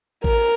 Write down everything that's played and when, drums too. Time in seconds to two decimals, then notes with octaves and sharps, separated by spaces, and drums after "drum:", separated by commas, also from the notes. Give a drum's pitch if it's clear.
0.24 A#4, drum: kick A1